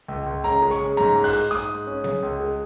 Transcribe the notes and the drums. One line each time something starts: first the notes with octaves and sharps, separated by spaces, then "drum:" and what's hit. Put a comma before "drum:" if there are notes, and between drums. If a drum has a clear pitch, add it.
C#2
C#2
C#3 A#5, drum: hi-hat
G#3
C#6, drum: hi-hat
C#3
G#2 A#5, drum: snare B3
G#2
F#6, drum: open hi-hat
G#3
G#2 D#6, drum: hi-hat
G#2
C#4
C#3, drum: snare B3
C#2
G#3